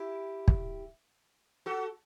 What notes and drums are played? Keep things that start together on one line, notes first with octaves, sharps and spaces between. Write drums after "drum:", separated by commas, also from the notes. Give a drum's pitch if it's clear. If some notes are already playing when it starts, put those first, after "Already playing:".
Already playing: E4 G4
drum: kick
F#4 A4